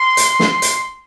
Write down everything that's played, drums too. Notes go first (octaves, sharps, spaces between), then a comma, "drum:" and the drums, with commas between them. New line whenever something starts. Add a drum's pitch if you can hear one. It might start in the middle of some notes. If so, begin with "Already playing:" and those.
Already playing: C6
drum: hi-hat
drum: snare
drum: hi-hat